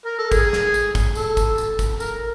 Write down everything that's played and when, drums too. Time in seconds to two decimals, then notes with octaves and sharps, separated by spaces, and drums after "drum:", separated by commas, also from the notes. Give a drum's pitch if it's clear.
0.06 A#4
0.19 A4
0.32 G#4, drum: kick, tambourine
0.53 drum: snare
0.74 drum: tambourine
0.95 drum: kick, tambourine
1.15 A4, drum: tambourine
1.37 drum: kick, tambourine
1.58 drum: tambourine
1.79 drum: kick, tambourine
2.00 A#4, drum: tambourine